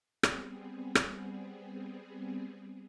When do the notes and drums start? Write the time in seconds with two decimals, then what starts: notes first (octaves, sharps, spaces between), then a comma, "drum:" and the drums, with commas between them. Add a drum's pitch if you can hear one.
0.23 G3 B3 C4 G#4, drum: rim click
0.95 drum: rim click